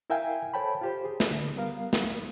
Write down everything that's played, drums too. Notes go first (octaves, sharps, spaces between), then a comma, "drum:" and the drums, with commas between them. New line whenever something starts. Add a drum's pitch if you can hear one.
E4 A#4 E5 F5 G5 G#5
A4 C5 C#5 G5 A5 B5
F4 G4 C5
G#4
drum: snare
D3
G3 B3 A#4 F5
drum: snare